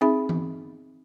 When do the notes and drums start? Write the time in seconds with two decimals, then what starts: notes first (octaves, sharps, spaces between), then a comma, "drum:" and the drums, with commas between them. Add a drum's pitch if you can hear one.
0.01 C4 D#4 G#4 E5 B5
0.29 drum: tom E3